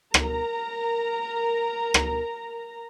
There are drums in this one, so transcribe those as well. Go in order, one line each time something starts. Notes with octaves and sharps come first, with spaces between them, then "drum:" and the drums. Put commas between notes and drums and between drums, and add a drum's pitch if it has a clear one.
A#4 A#5, drum: rim click
drum: rim click